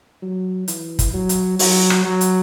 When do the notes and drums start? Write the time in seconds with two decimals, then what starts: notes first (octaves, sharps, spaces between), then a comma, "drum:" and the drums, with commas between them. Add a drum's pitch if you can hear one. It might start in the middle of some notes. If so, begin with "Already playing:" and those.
0.22 F#3
0.68 E3, drum: hi-hat
0.99 drum: kick, hi-hat
1.14 F#3
1.29 drum: hi-hat
1.59 F#3, drum: open hi-hat
1.90 drum: rim click
2.05 F#3
2.21 drum: hi-hat